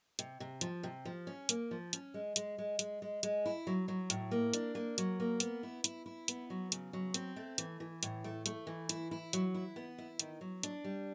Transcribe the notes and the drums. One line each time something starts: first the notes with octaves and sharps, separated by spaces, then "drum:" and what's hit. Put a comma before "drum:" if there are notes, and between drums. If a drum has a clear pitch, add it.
C3, drum: hi-hat
C3
F3, drum: hi-hat
C3
F3
C#4
A#3, drum: hi-hat
F3
C#4, drum: hi-hat
G#3
G#3, drum: hi-hat
G#3
G#3, drum: hi-hat
G#3
G#3, drum: hi-hat
E4
F#3
F#3
A2, drum: hi-hat
A#3
D4, drum: hi-hat
A#3
F#3, drum: hi-hat
A#3
B3, drum: hi-hat
E4
E4, drum: hi-hat
E4
B3, drum: hi-hat
F#3
C#3, drum: hi-hat
F#3
C4, drum: hi-hat
A3
E3, drum: hi-hat
E3
A2, drum: hi-hat
A3
A3, drum: hi-hat
E3
E4, drum: hi-hat
E4
F#3, drum: hi-hat
E4
B3
E4
D#3, drum: hi-hat
F#3
D4, drum: hi-hat
G3